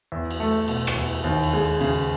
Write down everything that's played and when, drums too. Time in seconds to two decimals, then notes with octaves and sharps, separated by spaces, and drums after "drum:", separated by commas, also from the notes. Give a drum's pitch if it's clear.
0.12 E2
0.31 drum: cymbal
0.40 A3
0.68 B2, drum: cymbal
0.87 drum: rim click
0.96 E2
1.06 drum: cymbal
1.24 D#2
1.44 drum: cymbal
1.53 G#3
1.81 C#3, drum: cymbal